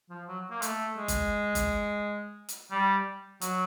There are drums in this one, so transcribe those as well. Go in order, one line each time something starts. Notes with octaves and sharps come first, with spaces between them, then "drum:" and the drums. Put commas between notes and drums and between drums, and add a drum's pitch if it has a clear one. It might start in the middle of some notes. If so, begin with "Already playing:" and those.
F3
F#3
A#3
A3, drum: hi-hat
G#3
drum: kick F#1, hi-hat
drum: kick F#1, hi-hat
drum: hi-hat
G3
F#3, drum: hi-hat